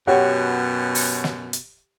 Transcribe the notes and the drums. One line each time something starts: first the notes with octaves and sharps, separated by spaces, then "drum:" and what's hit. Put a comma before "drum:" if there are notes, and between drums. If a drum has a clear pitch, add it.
F#2 B2 G4 C#5 F#5
drum: open hi-hat
drum: snare
drum: hi-hat